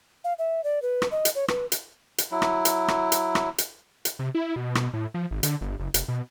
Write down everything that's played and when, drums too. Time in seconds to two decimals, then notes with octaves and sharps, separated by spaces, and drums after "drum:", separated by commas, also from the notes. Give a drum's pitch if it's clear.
0.24 F5
0.39 E5
0.64 D5
0.82 B4
1.02 drum: rim click
1.11 D#5
1.25 drum: hi-hat
1.35 C#5
1.48 B4, drum: rim click
1.72 drum: hi-hat
2.18 drum: hi-hat
2.31 F#3 E4
2.42 drum: rim click
2.65 drum: hi-hat
2.88 drum: rim click
3.12 drum: hi-hat
3.35 drum: rim click
3.58 drum: hi-hat
4.05 drum: hi-hat
4.19 C3
4.35 E4
4.56 B2
4.75 B2, drum: rim click
4.94 A2
5.14 F3
5.31 G#1
5.43 D3, drum: hi-hat
5.61 G1
5.79 F#1
5.94 F1, drum: hi-hat
6.08 B2